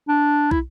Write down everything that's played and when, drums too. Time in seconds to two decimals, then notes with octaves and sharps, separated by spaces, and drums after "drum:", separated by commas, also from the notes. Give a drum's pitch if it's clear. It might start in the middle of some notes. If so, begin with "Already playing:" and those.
0.08 D4
0.51 E4, drum: kick